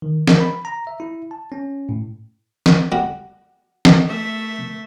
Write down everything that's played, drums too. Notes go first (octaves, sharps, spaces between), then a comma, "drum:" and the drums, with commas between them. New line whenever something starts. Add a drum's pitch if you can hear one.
D#3
A#4, drum: snare
B5
A#5
E5
E4
A5
C#4
A2
drum: snare
G3 F#4
drum: snare
A3 E5